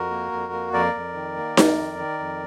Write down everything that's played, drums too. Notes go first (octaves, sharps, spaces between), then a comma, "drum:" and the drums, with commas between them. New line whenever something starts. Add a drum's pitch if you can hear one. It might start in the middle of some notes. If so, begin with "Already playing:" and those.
Already playing: F2 F#4 A#4
A#3
F2
A#3
F2 A#4 D5
F2
D#3
A#3
F2, drum: snare D#4
D#3
D#3
F2